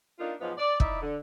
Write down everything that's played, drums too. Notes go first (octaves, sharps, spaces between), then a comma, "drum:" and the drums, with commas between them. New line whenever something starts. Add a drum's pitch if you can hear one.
A#3 D4 D#4 F4
G#2 F3 F#3 B3 F4
D5
D#4 E4 D5 E5, drum: kick
D3